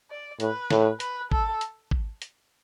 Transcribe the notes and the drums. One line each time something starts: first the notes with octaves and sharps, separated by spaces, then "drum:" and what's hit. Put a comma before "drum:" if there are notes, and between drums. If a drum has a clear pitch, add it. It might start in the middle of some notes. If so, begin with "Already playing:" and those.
D5
A2 B4, drum: hi-hat
A2, drum: snare
B4, drum: hi-hat
A4, drum: kick G#1
drum: hi-hat
drum: kick G#1
drum: hi-hat